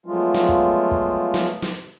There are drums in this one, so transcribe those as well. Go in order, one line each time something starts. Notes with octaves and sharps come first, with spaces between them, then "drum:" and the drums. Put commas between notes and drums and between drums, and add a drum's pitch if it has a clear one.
F3 F#3 G#3 A3 B3 F4
drum: snare
drum: kick
drum: kick
drum: snare
drum: snare